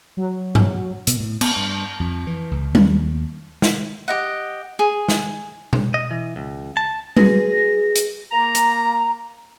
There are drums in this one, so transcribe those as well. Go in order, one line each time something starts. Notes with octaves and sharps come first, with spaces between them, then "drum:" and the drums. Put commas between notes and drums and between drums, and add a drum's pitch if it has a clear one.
F#3
drum: tom G2
B2, drum: hi-hat
A2
B3, drum: cymbal
G2
F2
E3
C#2
D#2, drum: tom G3
drum: snare
G4 D#5 F#5
G#4
drum: snare
drum: tom B2
D#5
E3
C#2
A5
F#4 G#4 B4 A#6, drum: tom G3
drum: hi-hat
A#3 A#5
drum: hi-hat